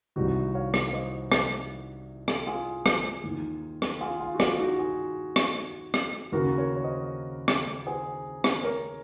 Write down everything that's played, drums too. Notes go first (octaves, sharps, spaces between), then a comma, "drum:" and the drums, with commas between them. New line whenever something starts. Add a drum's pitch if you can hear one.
C2 C3 D#3 D#4 F#4
C#5 F5
drum: rim click
F5
C5 D#5
drum: rim click
drum: rim click
F4 G#4
drum: rim click
D#2 D#3
drum: rim click
F4 G#4
F4
F#4
F4, drum: rim click
D#4 F#4
F4 G#4
drum: rim click
drum: rim click
D#2 C#3 F#4 A#4
A#4 C#5
C#5
C5 D#5
drum: rim click
G#4 C5
drum: rim click
A#4 C#5